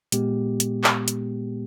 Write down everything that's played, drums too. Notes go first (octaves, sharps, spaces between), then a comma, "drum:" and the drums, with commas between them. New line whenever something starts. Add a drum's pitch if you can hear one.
A#2 G#3 B3 G4, drum: hi-hat
drum: hi-hat
drum: clap
drum: hi-hat